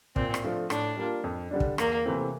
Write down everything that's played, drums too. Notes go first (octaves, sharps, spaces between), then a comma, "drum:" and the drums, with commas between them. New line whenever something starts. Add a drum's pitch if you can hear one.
A#2 C4, drum: kick
drum: rim click
F3 A3 D4 F4
A2 D4, drum: rim click
G3 A#3 F4
F2
D3 G3 D4
drum: kick
E2 A#3, drum: rim click
C3 E3 A3 C4